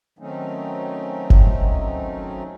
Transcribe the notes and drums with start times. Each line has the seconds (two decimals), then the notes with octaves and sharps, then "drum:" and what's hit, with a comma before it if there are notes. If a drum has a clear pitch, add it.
0.19 D#3 F#3 A3 C4 C#4 D#4
1.30 drum: kick F#1